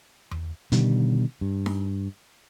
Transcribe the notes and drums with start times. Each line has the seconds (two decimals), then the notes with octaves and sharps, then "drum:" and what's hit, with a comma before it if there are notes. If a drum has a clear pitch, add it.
0.31 drum: tom E2
0.72 B2 D3 D#3 G3, drum: hi-hat
1.41 G2
1.66 drum: snare D#4